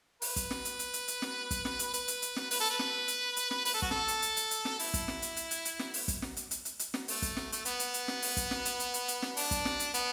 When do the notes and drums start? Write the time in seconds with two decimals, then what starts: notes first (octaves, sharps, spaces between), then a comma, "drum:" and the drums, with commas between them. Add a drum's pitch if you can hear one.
0.22 B4, drum: open hi-hat
0.36 drum: kick, hi-hat
0.51 drum: snare
0.65 drum: hi-hat
0.79 drum: hi-hat
0.93 drum: hi-hat
1.08 drum: hi-hat
1.22 drum: snare
1.51 drum: kick, hi-hat
1.65 drum: snare
1.79 drum: hi-hat
1.93 B4, drum: hi-hat
2.08 drum: hi-hat
2.22 drum: hi-hat
2.36 drum: snare
2.51 B4, drum: open hi-hat
2.60 A4
2.70 B4
2.79 drum: snare
3.08 drum: hi-hat
3.36 drum: hi-hat
3.51 drum: snare
3.65 B4, drum: open hi-hat
3.74 A4
3.82 F#4, drum: kick
3.91 A4, drum: snare
4.08 drum: hi-hat
4.22 drum: hi-hat
4.36 drum: hi-hat
4.51 drum: hi-hat
4.65 drum: snare
4.79 E4, drum: open hi-hat
4.94 drum: kick, hi-hat
5.08 drum: snare
5.22 drum: hi-hat
5.37 drum: hi-hat
5.51 drum: hi-hat
5.65 drum: hi-hat
5.79 drum: snare
5.94 drum: open hi-hat
6.08 drum: kick, hi-hat
6.22 drum: snare
6.37 drum: hi-hat
6.51 drum: hi-hat
6.65 drum: hi-hat
6.79 drum: hi-hat
6.94 drum: snare
7.08 A3, drum: open hi-hat
7.22 drum: kick, hi-hat
7.37 drum: snare
7.52 A3, drum: hi-hat
7.65 B3, drum: hi-hat
7.79 drum: hi-hat
7.94 drum: hi-hat
8.08 drum: snare
8.22 drum: open hi-hat
8.37 drum: kick, hi-hat
8.51 drum: snare
8.65 drum: hi-hat
8.80 drum: hi-hat
8.94 drum: hi-hat
9.08 drum: hi-hat
9.22 drum: snare
9.37 D4, drum: open hi-hat
9.51 drum: kick, hi-hat
9.65 drum: snare
9.80 drum: hi-hat
9.94 B3, drum: hi-hat